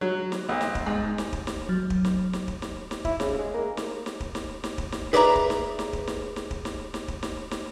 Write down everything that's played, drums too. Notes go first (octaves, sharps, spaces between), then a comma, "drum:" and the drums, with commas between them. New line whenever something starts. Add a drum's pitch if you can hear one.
F#3
drum: snare
B1
drum: snare
drum: kick
G#2
drum: snare
drum: kick
drum: snare
F#3
drum: kick
drum: snare
drum: snare
drum: kick
drum: snare
drum: snare
E4, drum: kick
C#3, drum: snare
G#3
A#3
drum: snare
drum: snare
drum: kick
drum: snare
drum: snare
drum: kick
drum: snare
G#4 B4 D5 E5 G5 A#5
drum: kick
drum: snare
drum: snare
drum: kick
drum: snare
drum: snare
drum: kick
drum: snare
drum: snare
drum: kick
drum: snare
drum: snare